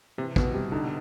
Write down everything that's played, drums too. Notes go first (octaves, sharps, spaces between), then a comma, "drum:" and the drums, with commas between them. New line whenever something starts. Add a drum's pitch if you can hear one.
C3 E3
B2 B3, drum: kick
C3 G3
D3 D#4